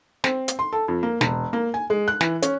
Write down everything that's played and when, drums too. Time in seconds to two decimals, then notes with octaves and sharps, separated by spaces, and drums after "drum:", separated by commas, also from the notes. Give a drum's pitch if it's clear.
0.24 C4, drum: snare
0.48 drum: hi-hat
0.59 C6
0.73 A4
0.88 F2
1.03 A#3
1.21 E1, drum: snare
1.53 A#3
1.74 G#5
1.90 G#3
2.08 F#6
2.21 E3, drum: snare
2.42 C#4, drum: hi-hat